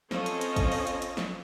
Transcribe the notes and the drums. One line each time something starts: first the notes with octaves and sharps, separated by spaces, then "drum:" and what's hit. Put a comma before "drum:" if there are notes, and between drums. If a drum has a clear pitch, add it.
C4 C#4 F4 A4 D#5, drum: snare
drum: hi-hat
drum: hi-hat
drum: kick G#1, hi-hat
drum: open hi-hat
drum: hi-hat
drum: hi-hat
drum: snare